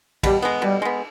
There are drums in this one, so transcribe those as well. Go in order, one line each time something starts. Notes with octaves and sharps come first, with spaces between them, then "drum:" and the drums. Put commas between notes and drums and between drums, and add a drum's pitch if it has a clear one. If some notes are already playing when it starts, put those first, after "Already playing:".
B2 G3, drum: kick, cymbal
G#3 B3
B2 G3
G#3 B3